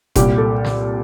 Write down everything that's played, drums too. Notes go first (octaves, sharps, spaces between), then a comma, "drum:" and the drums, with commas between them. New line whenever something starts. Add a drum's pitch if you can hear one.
C2 A#2 G4, drum: kick F1, hi-hat
A4
drum: snare